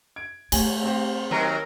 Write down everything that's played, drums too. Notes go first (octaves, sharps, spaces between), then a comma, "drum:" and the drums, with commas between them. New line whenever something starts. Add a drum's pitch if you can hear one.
G#6 D7
A3 G#5, drum: cymbal
C4 G4 C5
D#2 F#3 A#4